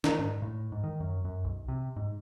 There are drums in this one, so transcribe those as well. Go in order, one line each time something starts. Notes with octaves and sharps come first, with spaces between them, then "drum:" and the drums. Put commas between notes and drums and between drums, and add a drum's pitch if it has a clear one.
D#3, drum: snare
G#2
A2
G#2
D#3
F#2
F#2
B1
C3
G#2